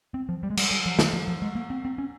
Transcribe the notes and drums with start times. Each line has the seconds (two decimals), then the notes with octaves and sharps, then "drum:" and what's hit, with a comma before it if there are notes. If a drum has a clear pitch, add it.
0.14 C4
0.29 F3
0.43 G3
0.50 G#3
0.57 G3, drum: cymbal
0.71 G3
0.86 F3
0.99 D#3, drum: snare
1.13 F3
1.28 F3
1.42 G#3
1.55 A#3
1.70 C4
1.85 C4
1.98 C#4